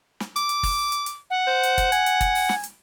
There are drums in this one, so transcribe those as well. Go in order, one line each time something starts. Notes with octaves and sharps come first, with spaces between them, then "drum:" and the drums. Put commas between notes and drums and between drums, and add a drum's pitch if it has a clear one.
drum: snare
D6, drum: hi-hat
drum: hi-hat
drum: kick, open hi-hat
drum: hi-hat
drum: hi-hat
F#5
C5
drum: hi-hat
drum: kick, hi-hat
G#5, drum: hi-hat
drum: hi-hat
drum: kick, hi-hat
drum: open hi-hat
drum: snare
drum: hi-hat